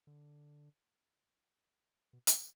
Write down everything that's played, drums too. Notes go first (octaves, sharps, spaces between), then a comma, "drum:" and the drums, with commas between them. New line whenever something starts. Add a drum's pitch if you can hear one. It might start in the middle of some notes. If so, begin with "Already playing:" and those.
D3
B2
drum: hi-hat